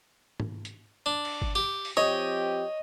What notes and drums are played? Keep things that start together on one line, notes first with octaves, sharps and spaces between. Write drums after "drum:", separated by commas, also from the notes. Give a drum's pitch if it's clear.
drum: tom G#2
drum: hi-hat
D4
drum: cymbal
drum: kick G1
G4
drum: open hi-hat
F3 C4 G4 C#5 D#5